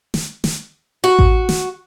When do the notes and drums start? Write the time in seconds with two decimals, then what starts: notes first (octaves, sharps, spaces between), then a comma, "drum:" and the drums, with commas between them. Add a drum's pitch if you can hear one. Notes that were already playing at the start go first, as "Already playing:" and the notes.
0.14 drum: snare
0.44 drum: snare
1.04 F#4
1.19 drum: kick A1
1.49 drum: snare